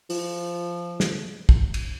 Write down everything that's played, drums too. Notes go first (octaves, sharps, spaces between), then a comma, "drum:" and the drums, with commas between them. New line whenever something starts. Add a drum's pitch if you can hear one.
F3, drum: open hi-hat
drum: snare
drum: kick
drum: cymbal